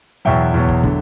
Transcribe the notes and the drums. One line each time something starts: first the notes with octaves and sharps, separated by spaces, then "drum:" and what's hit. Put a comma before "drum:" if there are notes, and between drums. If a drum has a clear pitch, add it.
E2 B2 F#3 E5 G5
E2 B2 F#3
drum: kick
D3 F#3, drum: kick